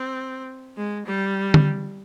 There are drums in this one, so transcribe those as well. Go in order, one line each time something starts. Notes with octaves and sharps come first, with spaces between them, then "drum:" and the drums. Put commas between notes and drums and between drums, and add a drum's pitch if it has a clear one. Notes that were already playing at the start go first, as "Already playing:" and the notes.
Already playing: C4
G#3
G3
drum: tom D3